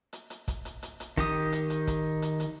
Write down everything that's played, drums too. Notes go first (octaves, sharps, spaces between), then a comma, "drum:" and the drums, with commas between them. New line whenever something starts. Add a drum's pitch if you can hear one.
drum: hi-hat
drum: hi-hat
drum: kick, hi-hat
drum: hi-hat
drum: hi-hat
drum: hi-hat
D#3 G4 D#6, drum: kick, hi-hat
drum: hi-hat
drum: hi-hat
drum: kick, hi-hat
drum: hi-hat
drum: hi-hat